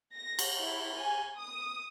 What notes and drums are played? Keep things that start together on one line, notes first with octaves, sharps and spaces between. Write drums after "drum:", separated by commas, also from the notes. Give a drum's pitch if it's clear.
A#6
drum: cymbal
E4
G#5
D#6